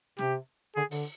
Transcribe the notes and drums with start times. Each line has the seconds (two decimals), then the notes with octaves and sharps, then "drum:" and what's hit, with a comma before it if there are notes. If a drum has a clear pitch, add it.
0.18 C3 G4, drum: snare C#4
0.76 D3 G#4
0.91 D3, drum: open hi-hat